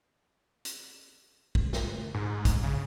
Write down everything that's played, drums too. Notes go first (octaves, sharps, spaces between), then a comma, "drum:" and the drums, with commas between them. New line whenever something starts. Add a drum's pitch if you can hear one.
drum: hi-hat
drum: kick
drum: snare
G#2
drum: kick, hi-hat
C#3